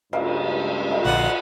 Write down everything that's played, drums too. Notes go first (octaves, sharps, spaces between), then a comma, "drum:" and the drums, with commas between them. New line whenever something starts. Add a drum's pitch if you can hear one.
C#2 G2 A#3, drum: cymbal
drum: cymbal
A#1 D3 D#4 F4 D5 F#5